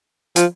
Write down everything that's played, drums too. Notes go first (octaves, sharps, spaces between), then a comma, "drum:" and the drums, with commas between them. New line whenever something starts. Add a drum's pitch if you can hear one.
F3, drum: hi-hat